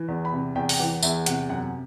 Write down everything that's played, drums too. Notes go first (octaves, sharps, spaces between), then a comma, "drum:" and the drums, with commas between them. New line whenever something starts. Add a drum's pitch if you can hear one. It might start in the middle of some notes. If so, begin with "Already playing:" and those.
Already playing: E3
E2
B5
C3
E2 G5
G5, drum: open hi-hat
E3 F#5
E2 E5, drum: tambourine
C3 F#5, drum: hi-hat
F#2 F#5